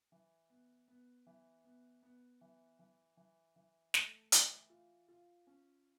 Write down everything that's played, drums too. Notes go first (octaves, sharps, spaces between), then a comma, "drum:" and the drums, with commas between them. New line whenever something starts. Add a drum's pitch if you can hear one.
E3
B3
B3
E3
B3
B3
E3
E3
E3
E3
A3, drum: snare
E3, drum: hi-hat
F4
F4
C#4